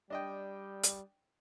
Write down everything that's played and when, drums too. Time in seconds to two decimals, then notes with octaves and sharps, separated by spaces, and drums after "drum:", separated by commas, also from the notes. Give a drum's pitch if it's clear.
0.10 G3 D4 D#5 G5
0.83 drum: hi-hat